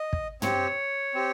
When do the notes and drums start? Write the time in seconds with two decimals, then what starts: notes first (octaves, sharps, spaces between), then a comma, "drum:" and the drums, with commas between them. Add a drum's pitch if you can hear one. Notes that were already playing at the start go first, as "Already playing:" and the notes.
Already playing: D#5
0.13 drum: kick
0.42 C4 G4 C#5, drum: tom
1.14 C4 G4